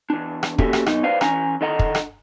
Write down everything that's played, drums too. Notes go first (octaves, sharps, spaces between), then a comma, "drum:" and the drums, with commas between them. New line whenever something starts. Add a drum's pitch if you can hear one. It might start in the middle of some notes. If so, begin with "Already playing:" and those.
E2 D4
drum: rim click
A#3 C#4 F#4 G4 A4 E5, drum: kick
drum: rim click
F#2 B2 D#4, drum: rim click
D4 B4 C5 D5 F5
E3 C#4 G#5 A#5, drum: rim click
D3 D#3 A4 D#5 F#5 A#5
drum: kick
drum: rim click